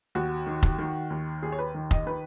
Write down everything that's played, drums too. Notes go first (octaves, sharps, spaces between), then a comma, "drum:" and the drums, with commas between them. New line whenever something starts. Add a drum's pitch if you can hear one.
D#2 F#4
D#3
drum: kick F1
D#3
D#2
D#2 G#4
C#5
B4
D#3
D#5, drum: kick F1
D#3 B4